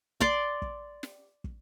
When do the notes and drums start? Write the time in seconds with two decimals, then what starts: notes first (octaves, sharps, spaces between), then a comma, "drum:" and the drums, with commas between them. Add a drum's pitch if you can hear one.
0.21 D5 C6 D6, drum: kick
0.62 drum: kick
1.03 drum: snare
1.44 drum: kick